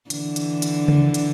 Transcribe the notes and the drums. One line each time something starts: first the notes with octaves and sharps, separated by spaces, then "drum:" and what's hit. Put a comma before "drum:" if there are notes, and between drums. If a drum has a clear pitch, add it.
D3 E3, drum: hi-hat
drum: hi-hat
drum: hi-hat
drum: tom C#3
drum: hi-hat